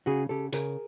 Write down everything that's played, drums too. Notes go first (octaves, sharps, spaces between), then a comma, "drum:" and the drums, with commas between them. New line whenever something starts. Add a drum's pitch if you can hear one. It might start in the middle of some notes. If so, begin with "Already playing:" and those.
C#3 F#4 G#4
C#3 G4 A4
C#3 G#4 A#4, drum: hi-hat